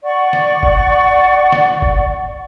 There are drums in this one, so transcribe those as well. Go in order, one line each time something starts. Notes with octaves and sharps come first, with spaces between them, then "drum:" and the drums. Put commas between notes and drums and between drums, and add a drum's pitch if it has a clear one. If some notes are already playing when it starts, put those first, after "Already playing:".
D5 F#5 C#6
drum: snare
drum: kick F#1
drum: snare
drum: kick F#1